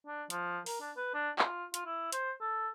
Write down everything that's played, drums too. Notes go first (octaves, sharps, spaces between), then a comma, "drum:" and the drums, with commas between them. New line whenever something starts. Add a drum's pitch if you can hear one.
D4
F3, drum: hi-hat
A#4, drum: open hi-hat
D4
B4
D4
F4, drum: clap
F4, drum: hi-hat
E4
C5, drum: hi-hat
A4